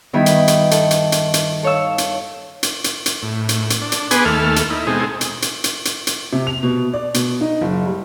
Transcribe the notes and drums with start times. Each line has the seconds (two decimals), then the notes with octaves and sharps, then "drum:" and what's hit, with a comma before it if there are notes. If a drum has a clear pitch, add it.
0.13 G2 D#3 B3 E4 B5
0.26 drum: hi-hat
0.48 drum: hi-hat
0.71 A4, drum: hi-hat
0.91 drum: hi-hat
1.12 drum: hi-hat
1.34 drum: hi-hat
1.63 A4 C#5 F5 E6
1.98 drum: hi-hat
2.63 drum: hi-hat
2.84 drum: hi-hat
3.06 drum: hi-hat
3.23 A2
3.49 drum: hi-hat
3.70 drum: hi-hat
3.82 D4
3.92 drum: hi-hat
4.11 B3 G#4 B4 G#5 C6 D6, drum: hi-hat
4.25 D#2 A3 A4 F6
4.56 drum: hi-hat
4.70 D#4 E4
4.87 B2 G#3 C4 D#4 G#4 A4
5.21 drum: hi-hat
5.42 drum: hi-hat
5.64 drum: hi-hat
5.85 drum: hi-hat
6.07 drum: hi-hat
6.33 C3
6.47 F7
6.63 B2
6.94 D5
7.14 B2, drum: hi-hat
7.41 D#4
7.61 F#1
7.85 G3